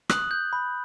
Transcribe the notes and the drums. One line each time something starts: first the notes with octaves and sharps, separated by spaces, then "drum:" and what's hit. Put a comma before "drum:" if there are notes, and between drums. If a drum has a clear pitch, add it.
D#6 F#6 F#7, drum: rim click
G6
B5